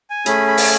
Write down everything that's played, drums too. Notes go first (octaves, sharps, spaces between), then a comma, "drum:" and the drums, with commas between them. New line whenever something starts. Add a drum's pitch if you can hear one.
G#5
A3 C#4 G#4 B5, drum: hi-hat
B5
drum: open hi-hat